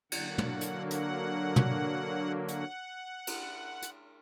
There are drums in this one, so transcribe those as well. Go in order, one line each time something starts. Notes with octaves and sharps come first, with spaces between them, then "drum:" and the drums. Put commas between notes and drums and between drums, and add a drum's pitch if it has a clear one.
D3 F#3 A#3 F#5, drum: cymbal
drum: tom
drum: hi-hat
F#5, drum: hi-hat
drum: tom
F#5, drum: hi-hat
drum: cymbal
drum: hi-hat